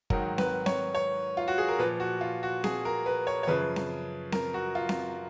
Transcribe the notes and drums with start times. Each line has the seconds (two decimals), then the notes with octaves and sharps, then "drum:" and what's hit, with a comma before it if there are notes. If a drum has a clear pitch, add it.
0.10 G#2 D#3 F#3 A#4, drum: kick G1
0.38 B4, drum: snare C4
0.66 C#5, drum: snare C4
0.95 C#5
1.37 F4
1.48 F#4
1.58 G#4
1.68 A#4
1.79 A#2 F3 B4
2.00 F#4
2.21 F4
2.43 F#4
2.64 G#4, drum: snare C4
2.85 A#4
3.06 B4
3.27 C#5
3.43 C#5
3.47 F#2 C#3 F3 B4
3.76 drum: snare C4
4.32 A#4, drum: snare C4
4.54 F#4
4.75 F4
4.89 drum: snare C4